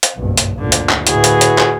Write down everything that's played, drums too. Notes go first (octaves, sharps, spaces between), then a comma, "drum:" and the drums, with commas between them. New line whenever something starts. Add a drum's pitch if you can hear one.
drum: hi-hat
F#1 B1 G2
drum: hi-hat
D2 A#2 D3
drum: hi-hat
drum: clap
D2 A2 E4 F#4 G#4 B4, drum: hi-hat
drum: hi-hat
drum: hi-hat
drum: clap